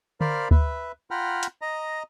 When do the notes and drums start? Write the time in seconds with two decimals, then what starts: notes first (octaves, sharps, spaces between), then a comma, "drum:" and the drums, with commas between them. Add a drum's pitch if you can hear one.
0.21 A#4 C5 D5 F5 B5 F6, drum: tom D3
0.51 B4 E5, drum: kick D2
1.11 F4 F#5 G5 A#5 B5 F6
1.43 drum: hi-hat
1.62 D#5 A#5